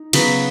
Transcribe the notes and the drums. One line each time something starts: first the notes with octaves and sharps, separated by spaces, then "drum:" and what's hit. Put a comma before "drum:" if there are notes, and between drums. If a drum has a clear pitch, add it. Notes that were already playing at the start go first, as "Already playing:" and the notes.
Already playing: D#4
C#3 F#3 B3 B5, drum: cymbal